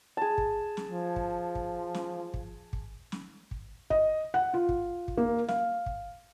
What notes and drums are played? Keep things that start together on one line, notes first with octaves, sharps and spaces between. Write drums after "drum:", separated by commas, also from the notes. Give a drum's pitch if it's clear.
G#4 A5
drum: kick
drum: snare
F3
drum: kick
drum: kick
drum: snare
drum: kick
drum: kick
drum: snare
drum: kick
D#5, drum: kick
F#5
F4
drum: kick
drum: kick
A#3
F5, drum: snare
drum: kick